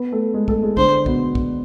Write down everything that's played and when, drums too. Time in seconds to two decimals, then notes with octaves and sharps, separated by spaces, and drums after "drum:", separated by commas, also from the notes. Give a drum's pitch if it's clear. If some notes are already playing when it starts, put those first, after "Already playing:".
Already playing: B3 B4
0.12 A3 A4
0.34 G#3 G#4
0.48 A3 A4, drum: kick
0.62 G#3 G#4
0.77 D3 D4 C5, drum: kick
1.06 B2 B3, drum: kick
1.35 drum: kick